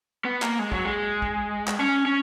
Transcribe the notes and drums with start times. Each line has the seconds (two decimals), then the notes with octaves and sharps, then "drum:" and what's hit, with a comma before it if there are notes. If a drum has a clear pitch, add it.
0.25 B3
0.42 A#3, drum: clap
0.59 G#3
0.72 F#3, drum: kick
0.85 G#3
1.22 drum: kick
1.68 drum: clap
1.79 C#4
2.05 C#4